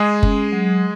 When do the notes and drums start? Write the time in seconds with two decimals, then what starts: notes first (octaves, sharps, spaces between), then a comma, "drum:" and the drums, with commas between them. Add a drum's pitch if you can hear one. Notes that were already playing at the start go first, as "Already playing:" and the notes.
Already playing: G#3 G#4
0.23 C#4, drum: kick F#1
0.52 F#3